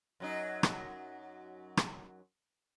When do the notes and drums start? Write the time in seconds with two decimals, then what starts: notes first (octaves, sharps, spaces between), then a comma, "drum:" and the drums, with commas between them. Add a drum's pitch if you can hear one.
0.20 F#2 F#3 D#4
0.63 drum: rim click
1.77 drum: rim click